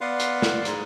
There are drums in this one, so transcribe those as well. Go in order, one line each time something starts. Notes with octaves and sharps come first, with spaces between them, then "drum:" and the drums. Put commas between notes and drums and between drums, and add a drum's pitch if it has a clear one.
B3 D5 F5 C6
drum: hi-hat
drum: snare
G#2, drum: hi-hat